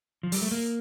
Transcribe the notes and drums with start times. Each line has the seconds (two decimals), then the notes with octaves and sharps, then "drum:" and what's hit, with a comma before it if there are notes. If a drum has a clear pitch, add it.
0.23 F3
0.32 G3, drum: open hi-hat
0.42 A3
0.51 A#3